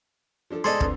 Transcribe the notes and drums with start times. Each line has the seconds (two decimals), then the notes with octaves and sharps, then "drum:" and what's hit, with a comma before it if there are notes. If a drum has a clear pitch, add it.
0.50 F3 D4 A4
0.64 G#2 G#4 A4 D5 D#5 C6
0.80 F2 D3 B4, drum: kick